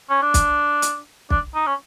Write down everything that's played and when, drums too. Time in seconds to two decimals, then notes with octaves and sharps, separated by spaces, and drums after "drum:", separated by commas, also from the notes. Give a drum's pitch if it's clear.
0.10 C#4
0.22 D4
0.34 drum: kick, hi-hat
0.82 drum: hi-hat
1.30 D4, drum: kick
1.55 D#4
1.66 C#4